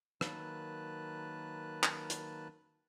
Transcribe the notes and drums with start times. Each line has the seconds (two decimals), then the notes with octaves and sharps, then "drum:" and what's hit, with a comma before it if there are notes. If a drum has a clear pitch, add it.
0.21 D#3 F#3 A#3 B4 A5 F#6, drum: rim click
1.83 drum: clap
2.10 drum: hi-hat